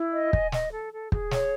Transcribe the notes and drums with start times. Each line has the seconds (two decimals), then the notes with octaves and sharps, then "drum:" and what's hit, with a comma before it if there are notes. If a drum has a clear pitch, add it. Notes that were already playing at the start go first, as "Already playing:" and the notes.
Already playing: E4
0.14 D#5
0.33 G#5, drum: kick
0.52 D#5, drum: snare
0.72 A4
0.92 A4
1.12 G#4, drum: kick
1.31 C#5, drum: snare